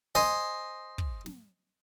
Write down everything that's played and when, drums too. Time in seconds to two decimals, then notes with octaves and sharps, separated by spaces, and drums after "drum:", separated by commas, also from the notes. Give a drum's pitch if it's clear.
0.15 C5 D#5 G#5, drum: snare
0.98 drum: kick
1.26 drum: snare